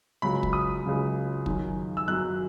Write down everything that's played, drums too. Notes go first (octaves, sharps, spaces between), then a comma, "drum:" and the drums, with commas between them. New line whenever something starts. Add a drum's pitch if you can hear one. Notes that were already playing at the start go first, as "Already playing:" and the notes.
C#2 C#3 F#3 B5
drum: kick
D#6
C#2 C#3 F#3
F#2 D#3 F#3, drum: kick
E6
F#2 D#3 F#3 F#6